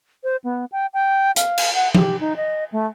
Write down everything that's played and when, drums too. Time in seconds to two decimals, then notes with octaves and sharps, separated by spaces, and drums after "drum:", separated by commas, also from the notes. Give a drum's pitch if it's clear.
0.24 C5
0.44 B3
0.72 G5
0.94 G5
1.36 F5, drum: hi-hat
1.58 drum: cymbal
1.74 F#5
1.95 G4, drum: tom F3
2.21 D#4
2.37 D#5
2.72 A3